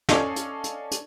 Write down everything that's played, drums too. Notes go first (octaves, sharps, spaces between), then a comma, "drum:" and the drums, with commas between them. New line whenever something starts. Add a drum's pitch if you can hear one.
C#4 A4 D5 D#5 F5 A5, drum: snare
drum: hi-hat
drum: hi-hat
drum: hi-hat